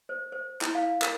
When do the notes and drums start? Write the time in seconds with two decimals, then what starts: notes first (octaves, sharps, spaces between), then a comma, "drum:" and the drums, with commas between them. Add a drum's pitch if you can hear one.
0.09 C5
0.32 C5
0.61 E4, drum: clap
0.75 F5
1.02 A#4, drum: clap